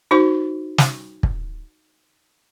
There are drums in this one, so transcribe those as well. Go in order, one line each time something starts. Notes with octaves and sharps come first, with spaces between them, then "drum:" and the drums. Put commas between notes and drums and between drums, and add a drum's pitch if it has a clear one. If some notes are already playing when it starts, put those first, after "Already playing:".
D#4 F#4 C5 C#6
drum: snare
drum: kick